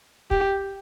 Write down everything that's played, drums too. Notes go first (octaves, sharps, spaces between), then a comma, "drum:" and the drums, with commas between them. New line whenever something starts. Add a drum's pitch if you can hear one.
G4, drum: kick